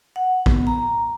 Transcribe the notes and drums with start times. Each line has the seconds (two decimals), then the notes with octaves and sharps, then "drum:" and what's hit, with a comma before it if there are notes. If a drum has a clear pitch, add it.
0.16 F#5
0.46 B3, drum: kick
0.67 A#5